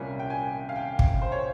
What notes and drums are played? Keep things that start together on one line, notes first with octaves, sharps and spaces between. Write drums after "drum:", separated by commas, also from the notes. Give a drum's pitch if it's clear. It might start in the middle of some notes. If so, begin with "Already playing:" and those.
Already playing: C2 A#2 G3 A#3 C#4 G#5
G5
G#5
F5
G5
drum: kick
C5
C#5